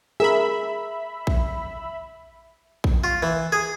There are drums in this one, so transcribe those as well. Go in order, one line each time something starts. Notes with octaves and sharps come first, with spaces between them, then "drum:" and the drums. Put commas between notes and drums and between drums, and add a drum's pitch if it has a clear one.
G#4 A#4 E5 B5
drum: kick A#1
drum: kick A#1
F4
E3
G#4